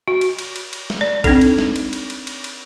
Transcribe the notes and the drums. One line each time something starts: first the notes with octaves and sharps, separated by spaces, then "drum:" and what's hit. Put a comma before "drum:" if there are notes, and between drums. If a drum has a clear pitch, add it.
F#4
drum: cymbal
drum: cymbal
drum: cymbal
drum: cymbal
drum: snare
D5
C4 D4 D#4 A4, drum: kick, cymbal
drum: cymbal
drum: snare
drum: cymbal
drum: cymbal
drum: cymbal
drum: cymbal
drum: cymbal